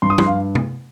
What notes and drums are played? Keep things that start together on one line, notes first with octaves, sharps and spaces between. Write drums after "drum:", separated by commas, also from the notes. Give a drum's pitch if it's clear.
G2 C6
D#6
G2 C6, drum: tom
F5
drum: tom C3